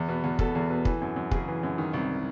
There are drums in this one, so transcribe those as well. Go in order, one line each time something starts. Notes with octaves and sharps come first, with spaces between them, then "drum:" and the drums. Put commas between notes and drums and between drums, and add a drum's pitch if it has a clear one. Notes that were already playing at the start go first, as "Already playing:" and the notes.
Already playing: E2
B2
E2
B2 A4, drum: kick
E2
B2
E3, drum: kick
F#2
F#2
C#3 G#4, drum: kick
E3
F#2
D#3
C2